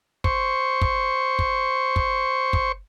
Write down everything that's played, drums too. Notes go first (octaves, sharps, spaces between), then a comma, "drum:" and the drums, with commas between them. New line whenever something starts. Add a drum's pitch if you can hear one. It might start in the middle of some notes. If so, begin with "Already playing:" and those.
C5 C#6, drum: kick
drum: kick
drum: kick
drum: kick
drum: kick